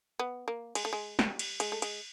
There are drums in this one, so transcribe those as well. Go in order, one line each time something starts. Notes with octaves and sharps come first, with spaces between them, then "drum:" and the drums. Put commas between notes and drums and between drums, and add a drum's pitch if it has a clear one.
B3
A#3
G#3, drum: cymbal
A3
G#3
G3, drum: snare
drum: cymbal
G#3, drum: cymbal
A3
G#3, drum: cymbal